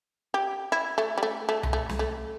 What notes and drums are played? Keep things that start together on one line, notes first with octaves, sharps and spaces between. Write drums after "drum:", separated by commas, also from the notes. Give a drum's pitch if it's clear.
G4
E4
A3
G3
A3
A3
drum: tom C2
A3
drum: snare
A3